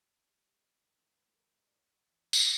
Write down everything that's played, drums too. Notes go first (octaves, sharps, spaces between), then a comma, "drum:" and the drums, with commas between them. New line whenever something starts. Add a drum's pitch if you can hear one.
G3 C#5
G3
G#1
D#3
G#2 C5
G#2 B4
A4
G#1 A#4
G3 D#5
D5
D2 C#5
D5
E1
E3
E3, drum: tambourine